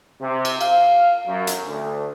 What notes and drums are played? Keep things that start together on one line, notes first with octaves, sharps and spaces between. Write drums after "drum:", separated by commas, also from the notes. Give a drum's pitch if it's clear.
C3
drum: cymbal
F5, drum: cymbal
F#2
drum: hi-hat
D2